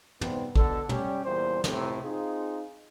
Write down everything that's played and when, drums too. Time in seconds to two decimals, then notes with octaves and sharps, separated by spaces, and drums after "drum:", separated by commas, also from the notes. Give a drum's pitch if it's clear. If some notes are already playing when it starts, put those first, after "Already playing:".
0.21 G#2 C3 G3 B3, drum: tom
0.56 B2 D3 A4, drum: kick
0.89 G3 C#4 G4, drum: tom
1.25 E2 A#2 C#3 G3 E4 C5
1.64 C#2 A2 C3, drum: snare
2.03 C4 D#4 F4 G#4